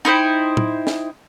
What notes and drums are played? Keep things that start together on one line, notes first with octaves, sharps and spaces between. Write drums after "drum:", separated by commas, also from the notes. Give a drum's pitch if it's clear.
D#4 E4 C5 G5
drum: tom
drum: snare